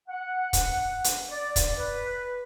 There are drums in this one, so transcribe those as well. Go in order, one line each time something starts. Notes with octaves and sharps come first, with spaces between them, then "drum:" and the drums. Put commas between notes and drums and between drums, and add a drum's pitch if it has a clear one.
F#5
drum: kick, hi-hat
drum: hi-hat
D5
drum: kick, hi-hat
B4